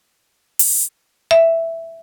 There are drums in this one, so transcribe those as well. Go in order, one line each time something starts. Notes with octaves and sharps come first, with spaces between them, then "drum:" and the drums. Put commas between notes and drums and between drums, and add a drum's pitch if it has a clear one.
drum: open hi-hat
E5